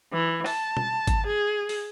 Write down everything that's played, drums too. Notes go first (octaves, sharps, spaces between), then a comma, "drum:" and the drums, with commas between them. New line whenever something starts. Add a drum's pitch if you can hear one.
E3
A5, drum: open hi-hat
drum: tom
drum: kick G#1, hi-hat
G#4
drum: open hi-hat